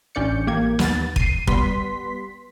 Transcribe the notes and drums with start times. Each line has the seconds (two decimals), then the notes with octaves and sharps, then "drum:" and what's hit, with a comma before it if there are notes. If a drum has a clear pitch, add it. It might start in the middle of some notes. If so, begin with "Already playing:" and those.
0.15 A1 C#4 D4 D5 G6 C#7
0.47 A1 A#3 G4 G#6
0.79 D#2 B3 A6, drum: snare
1.16 C7 D#7, drum: kick
1.47 G3 B3 B4 C6 B6, drum: kick